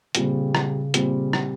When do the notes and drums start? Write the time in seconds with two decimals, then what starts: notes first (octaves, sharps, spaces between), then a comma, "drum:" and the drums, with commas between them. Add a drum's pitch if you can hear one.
0.15 A#2 C#3 G3 C4, drum: hi-hat
0.55 drum: rim click
0.94 A#2 G3 C4, drum: hi-hat
1.33 drum: rim click